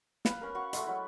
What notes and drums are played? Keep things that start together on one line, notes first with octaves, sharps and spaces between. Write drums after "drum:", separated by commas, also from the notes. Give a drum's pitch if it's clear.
B4 F5, drum: snare
C#4 A#4
F#4 C#6
G#3 A3, drum: hi-hat
F#3 E4